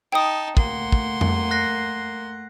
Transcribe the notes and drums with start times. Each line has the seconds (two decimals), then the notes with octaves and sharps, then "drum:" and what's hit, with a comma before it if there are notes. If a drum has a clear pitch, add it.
0.12 D#4 G5 A5 D#6
0.57 A3 A#3 F#5 C6, drum: kick
0.92 drum: kick
1.21 drum: tom F2
1.51 F#6 A#6 C7